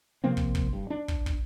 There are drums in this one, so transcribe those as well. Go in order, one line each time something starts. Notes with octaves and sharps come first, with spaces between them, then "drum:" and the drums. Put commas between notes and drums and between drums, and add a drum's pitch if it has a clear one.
C3 F3 A#3 C4
drum: kick
drum: kick
G2
D4
drum: kick
drum: kick